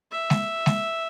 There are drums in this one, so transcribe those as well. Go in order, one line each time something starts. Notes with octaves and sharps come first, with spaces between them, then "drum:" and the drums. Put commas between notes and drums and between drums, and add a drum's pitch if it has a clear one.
E5
drum: snare G#3
drum: snare G#3